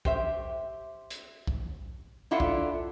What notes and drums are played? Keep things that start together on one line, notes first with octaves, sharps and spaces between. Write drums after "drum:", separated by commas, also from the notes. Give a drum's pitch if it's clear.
G4 C5 E5, drum: kick
drum: hi-hat
drum: kick
D4 E4 F4 A4 E5 F#5
drum: kick